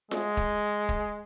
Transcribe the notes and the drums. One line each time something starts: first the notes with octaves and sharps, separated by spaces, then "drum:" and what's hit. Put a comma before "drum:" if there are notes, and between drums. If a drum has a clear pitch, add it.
G#3, drum: snare F4
drum: kick
drum: kick